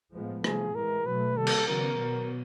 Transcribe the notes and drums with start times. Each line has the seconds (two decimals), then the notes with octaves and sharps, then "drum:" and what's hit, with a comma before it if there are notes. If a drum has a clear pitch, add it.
0.13 A2 F3 G#3 B3
0.44 C3 F3 A3 G#4, drum: rim click
0.75 A2 E3 G#3 A#4
1.06 B2 F#3 A3 B4
1.37 C3 D#3 G3 A#3 A4
1.47 drum: cymbal
1.67 C#3 F#3 B3 A#4
1.98 B2 F#3 B3